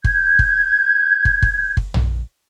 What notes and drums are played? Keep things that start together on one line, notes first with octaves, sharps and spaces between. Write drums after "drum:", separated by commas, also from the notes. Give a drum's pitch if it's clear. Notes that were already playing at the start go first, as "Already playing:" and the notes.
G6 G#6, drum: kick
drum: kick
drum: kick
drum: kick
drum: kick
drum: tom A#1